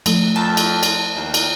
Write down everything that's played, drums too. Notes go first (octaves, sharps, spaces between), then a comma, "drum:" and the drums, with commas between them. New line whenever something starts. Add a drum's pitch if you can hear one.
F3 A3, drum: cymbal
F2 A5
drum: cymbal
drum: cymbal
D#2
drum: cymbal